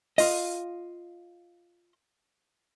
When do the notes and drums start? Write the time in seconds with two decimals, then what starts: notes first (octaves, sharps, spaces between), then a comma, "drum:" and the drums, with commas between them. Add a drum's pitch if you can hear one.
0.18 F4 D#5, drum: open hi-hat